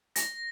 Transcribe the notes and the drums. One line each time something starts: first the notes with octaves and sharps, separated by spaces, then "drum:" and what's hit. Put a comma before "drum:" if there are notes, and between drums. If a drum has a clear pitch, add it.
A#6, drum: hi-hat